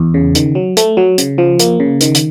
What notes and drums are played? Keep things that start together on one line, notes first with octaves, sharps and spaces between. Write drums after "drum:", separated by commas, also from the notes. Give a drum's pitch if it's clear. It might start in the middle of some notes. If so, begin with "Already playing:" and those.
Already playing: E2
C#3
D#3, drum: hi-hat
F#3
A3, drum: hi-hat
F#3
C#3, drum: hi-hat
F3
A#3, drum: hi-hat
C#3
D#3, drum: hi-hat
drum: hi-hat